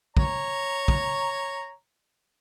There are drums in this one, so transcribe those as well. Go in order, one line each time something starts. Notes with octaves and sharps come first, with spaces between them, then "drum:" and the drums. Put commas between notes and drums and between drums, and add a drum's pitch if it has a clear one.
C#5 A#5, drum: kick
drum: kick